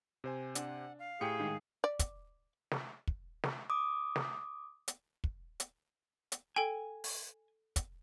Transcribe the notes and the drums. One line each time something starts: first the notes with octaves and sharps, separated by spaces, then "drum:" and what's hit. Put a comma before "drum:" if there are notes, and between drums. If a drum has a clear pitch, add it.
C3 C5 G#5
D4 F#5, drum: hi-hat
F5
A2 G4 G#4 G5 C#7
G#2 D#3
D5
drum: kick, hi-hat
drum: snare
drum: kick
drum: snare
D6 D#6
drum: snare
drum: hi-hat
drum: kick
drum: hi-hat
drum: hi-hat
A4 G5 G#5
drum: open hi-hat
drum: kick, hi-hat